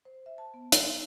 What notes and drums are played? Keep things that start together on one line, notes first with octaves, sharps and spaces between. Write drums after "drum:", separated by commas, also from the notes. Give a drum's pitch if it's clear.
C5
E5
A5
B3
D#4, drum: hi-hat